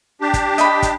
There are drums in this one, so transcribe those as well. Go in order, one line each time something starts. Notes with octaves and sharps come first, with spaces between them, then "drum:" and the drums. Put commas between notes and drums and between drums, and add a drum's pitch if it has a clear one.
D4 G4
drum: kick, hi-hat
D#5 B5, drum: hi-hat
drum: kick, hi-hat